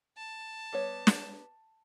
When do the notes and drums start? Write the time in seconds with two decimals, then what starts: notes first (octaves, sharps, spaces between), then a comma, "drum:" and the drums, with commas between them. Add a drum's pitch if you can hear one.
0.17 A5
0.73 G3 B3 C#5
1.07 drum: snare